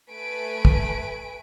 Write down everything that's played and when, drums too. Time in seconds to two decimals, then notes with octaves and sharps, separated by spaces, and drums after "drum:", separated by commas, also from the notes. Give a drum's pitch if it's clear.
0.10 A3 B4 G#5 B6 D7
0.65 drum: kick